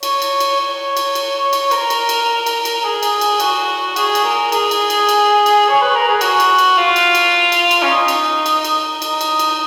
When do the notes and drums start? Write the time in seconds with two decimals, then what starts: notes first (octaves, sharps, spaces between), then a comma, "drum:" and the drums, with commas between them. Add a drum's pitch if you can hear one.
0.03 C#5, drum: cymbal
0.22 drum: cymbal
0.40 drum: cymbal
0.60 C#5
0.97 drum: cymbal
1.15 drum: cymbal
1.53 drum: cymbal
1.71 A#4, drum: cymbal
1.90 drum: cymbal
2.09 drum: cymbal
2.46 drum: cymbal
2.65 drum: cymbal
2.84 G#4
3.03 drum: cymbal
3.21 drum: cymbal
3.40 F#4, drum: cymbal
3.96 G#4, drum: cymbal
4.15 drum: cymbal
4.24 A#4
4.52 G#4, drum: cymbal
4.71 drum: cymbal
4.90 drum: cymbal
5.09 drum: cymbal
5.46 drum: cymbal
5.69 C#5
5.82 B4
5.96 A#4
6.08 G#4
6.21 F#4, drum: cymbal
6.40 drum: cymbal
6.58 drum: cymbal
6.78 F4
6.96 drum: cymbal
7.15 drum: cymbal
7.52 drum: cymbal
7.71 drum: cymbal
7.82 C#4
7.90 D#4
8.08 drum: cymbal
8.46 drum: cymbal
8.64 drum: cymbal
9.02 D#4, drum: cymbal
9.21 drum: cymbal
9.39 drum: cymbal